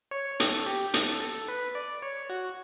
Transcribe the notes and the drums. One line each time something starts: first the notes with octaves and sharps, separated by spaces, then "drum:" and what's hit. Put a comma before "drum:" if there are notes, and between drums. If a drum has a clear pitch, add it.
C#5
A4, drum: hi-hat
G4
A4, drum: hi-hat
A4
B4
D5
C#5
F#4